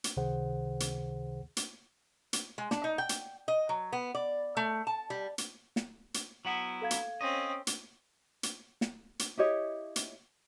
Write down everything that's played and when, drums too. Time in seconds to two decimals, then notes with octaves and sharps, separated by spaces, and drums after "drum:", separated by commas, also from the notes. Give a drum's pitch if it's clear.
0.04 drum: hi-hat
0.17 C#2 C3 D#3 G#4 C5 F#5
0.80 drum: hi-hat
1.57 drum: hi-hat
2.33 drum: hi-hat
2.58 G#3
2.71 D4, drum: snare
2.84 D#4
2.98 G5
3.09 drum: hi-hat
3.48 D#5
3.69 F#3
3.93 B3
4.15 D5
4.57 A3
4.87 A5
5.10 G3
5.38 drum: hi-hat
5.76 drum: snare
6.14 drum: hi-hat
6.45 F#3 B3 E4 F#5 F#7
6.82 A4 F5 G#6
6.91 drum: hi-hat
7.21 C4 C#4 D#5
7.67 drum: hi-hat
8.43 drum: hi-hat
8.81 drum: snare
9.19 drum: hi-hat
9.38 E4 G4 C#5 D#5
9.96 drum: hi-hat